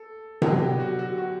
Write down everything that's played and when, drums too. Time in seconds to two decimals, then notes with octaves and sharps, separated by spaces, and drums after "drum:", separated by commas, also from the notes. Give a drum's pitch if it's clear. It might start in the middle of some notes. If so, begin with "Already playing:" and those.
Already playing: A4
0.42 D3 F#3 B3 G4, drum: tom C3
0.60 G4
0.80 F#4
0.99 F#4
1.18 F#4